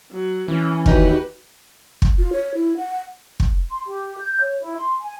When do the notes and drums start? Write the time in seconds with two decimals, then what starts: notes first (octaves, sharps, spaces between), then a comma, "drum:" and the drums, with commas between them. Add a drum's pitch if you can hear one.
0.11 F#3
0.48 E3 C#4
0.86 D#2 D#4 F#4 G4 B4, drum: kick
2.02 drum: kick
2.18 F4
2.33 C#5
2.55 E4
2.77 F#5
3.40 drum: kick
3.70 C6
3.86 G4
4.18 G6
4.41 C#5
4.60 E4
4.77 C6
5.01 G#5